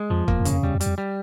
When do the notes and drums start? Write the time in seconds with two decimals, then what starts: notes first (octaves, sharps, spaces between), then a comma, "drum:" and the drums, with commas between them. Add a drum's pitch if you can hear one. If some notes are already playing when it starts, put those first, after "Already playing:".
Already playing: G#3
0.10 F2 F3
0.28 E2 A#3, drum: kick
0.40 F2
0.45 C#3, drum: hi-hat
0.51 F2
0.63 E2 G3
0.75 F2
0.81 G3, drum: hi-hat
0.86 F2
0.98 G3